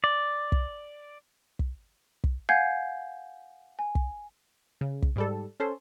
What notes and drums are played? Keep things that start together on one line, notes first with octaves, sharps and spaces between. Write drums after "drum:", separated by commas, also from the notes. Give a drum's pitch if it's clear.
D5
drum: kick
drum: kick
drum: kick
F5 F#5 G#5 G6 G#6 C7
G#5
drum: kick
C#3
drum: kick
G#2 G3 A4
C#4 A4 C5